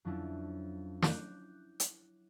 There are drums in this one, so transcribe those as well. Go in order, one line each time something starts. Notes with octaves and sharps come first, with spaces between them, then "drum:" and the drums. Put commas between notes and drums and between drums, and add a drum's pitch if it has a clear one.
F2 F#3 C#4 D4 E4
D6 F#6 G6, drum: snare
drum: hi-hat